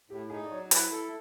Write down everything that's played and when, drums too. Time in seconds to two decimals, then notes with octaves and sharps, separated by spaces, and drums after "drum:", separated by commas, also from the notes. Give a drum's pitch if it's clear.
0.10 A2 G4
0.30 D#4 G#4
0.45 D5
0.50 F#3 C#5
0.71 E4 B4, drum: hi-hat
0.92 A4